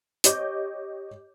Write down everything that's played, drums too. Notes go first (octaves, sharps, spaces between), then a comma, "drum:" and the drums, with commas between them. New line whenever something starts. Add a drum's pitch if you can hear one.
G4 C#5 D#5 D6 G6, drum: hi-hat